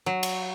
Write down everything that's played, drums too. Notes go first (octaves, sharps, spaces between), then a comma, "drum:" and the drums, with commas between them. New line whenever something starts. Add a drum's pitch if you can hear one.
F#3
drum: cymbal